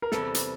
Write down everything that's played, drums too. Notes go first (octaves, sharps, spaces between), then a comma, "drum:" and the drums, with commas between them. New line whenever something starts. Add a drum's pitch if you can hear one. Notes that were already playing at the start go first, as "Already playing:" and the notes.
A#4
E2 C3 G3 A4, drum: snare
drum: hi-hat